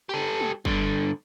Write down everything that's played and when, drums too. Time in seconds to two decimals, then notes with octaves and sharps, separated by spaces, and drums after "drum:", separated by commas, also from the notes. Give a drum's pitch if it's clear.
0.09 G4 A4
0.40 drum: tom
0.65 G2 D3, drum: kick